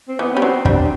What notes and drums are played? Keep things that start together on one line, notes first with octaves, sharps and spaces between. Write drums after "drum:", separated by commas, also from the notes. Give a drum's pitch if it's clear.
C4
E3 B3
G3 C#4
F#3 C4
G3 D4, drum: kick